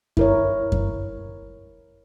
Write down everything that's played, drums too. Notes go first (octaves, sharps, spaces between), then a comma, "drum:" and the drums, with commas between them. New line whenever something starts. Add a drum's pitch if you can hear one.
E4 A#4 C#5, drum: kick F#2
drum: kick F#2